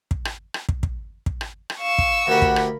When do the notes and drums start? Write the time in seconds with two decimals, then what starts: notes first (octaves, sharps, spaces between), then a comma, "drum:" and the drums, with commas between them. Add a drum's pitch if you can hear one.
0.11 drum: kick
0.25 drum: rim click
0.54 drum: rim click
0.69 drum: kick
0.83 drum: kick
1.26 drum: kick
1.41 drum: rim click
1.70 drum: rim click
1.79 F5 C#6 E6
1.98 drum: kick
2.27 D2 G4 A#4 F#5 B5
2.42 drum: kick
2.56 drum: rim click